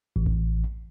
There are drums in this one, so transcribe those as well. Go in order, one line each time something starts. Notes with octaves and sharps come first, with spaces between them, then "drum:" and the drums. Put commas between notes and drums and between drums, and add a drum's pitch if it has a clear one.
A1
drum: kick A1